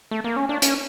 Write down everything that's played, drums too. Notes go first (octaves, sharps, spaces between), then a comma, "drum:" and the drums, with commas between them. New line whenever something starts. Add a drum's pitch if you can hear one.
A3
A#3
C#4
D4
C#4, drum: hi-hat